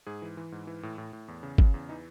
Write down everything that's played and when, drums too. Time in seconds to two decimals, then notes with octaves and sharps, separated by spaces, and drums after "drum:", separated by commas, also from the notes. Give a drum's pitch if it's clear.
0.07 G#2 G#4
0.22 E3
0.37 E3
0.52 G#2
0.67 E3
0.83 A2
0.98 A2
1.13 A2
1.28 E2
1.43 C#3
1.58 C#3, drum: kick
1.74 E2
1.89 E3 D#4